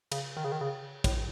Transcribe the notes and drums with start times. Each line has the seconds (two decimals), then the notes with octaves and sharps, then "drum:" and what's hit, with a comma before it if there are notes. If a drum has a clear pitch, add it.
0.12 C#3, drum: cymbal
0.37 D#3
0.44 C#3
0.52 D#3
0.61 C#3
1.04 A2, drum: kick, cymbal